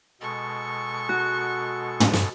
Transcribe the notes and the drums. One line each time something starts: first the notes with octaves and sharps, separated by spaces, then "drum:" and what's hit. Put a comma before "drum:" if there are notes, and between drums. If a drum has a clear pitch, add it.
B2 G#3 A4 C#6
F#4
drum: tom
drum: snare